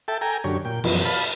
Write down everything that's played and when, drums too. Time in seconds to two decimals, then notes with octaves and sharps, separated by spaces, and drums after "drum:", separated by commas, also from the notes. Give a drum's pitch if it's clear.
0.08 A4 E5 G5 A5
0.21 A4 G5 G#5 A#5
0.44 F#2 D3 G4 C#5
0.65 A#2 G5
0.84 F#2 B2 E3 F3, drum: cymbal
1.05 F5 A5 B5